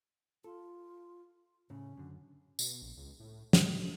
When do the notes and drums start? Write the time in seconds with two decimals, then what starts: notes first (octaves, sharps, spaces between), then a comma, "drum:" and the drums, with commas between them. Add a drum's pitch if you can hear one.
0.44 F4 A4
1.70 A2 C#3 C#4
1.97 F#2 D3
2.59 B2, drum: tambourine
2.82 A#1
2.97 C#2
3.20 A2
3.53 A2, drum: snare